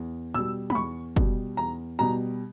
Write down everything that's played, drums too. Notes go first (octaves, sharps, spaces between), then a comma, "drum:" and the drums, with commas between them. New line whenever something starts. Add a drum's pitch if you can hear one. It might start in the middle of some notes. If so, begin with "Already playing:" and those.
Already playing: E2
B2 G3 E6
B5, drum: tom
E2 C#6
B2 G3, drum: kick
E2 A#5
B2 G3 A#5